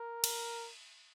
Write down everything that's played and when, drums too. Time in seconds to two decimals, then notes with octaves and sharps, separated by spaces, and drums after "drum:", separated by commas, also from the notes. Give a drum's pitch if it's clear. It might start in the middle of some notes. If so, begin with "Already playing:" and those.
Already playing: A#4
0.24 drum: cymbal